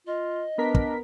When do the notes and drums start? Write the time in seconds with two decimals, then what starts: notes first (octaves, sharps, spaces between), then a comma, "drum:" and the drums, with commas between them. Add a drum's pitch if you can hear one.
0.07 F4 D#5
0.58 B3 D4 A#4 B6
0.75 drum: kick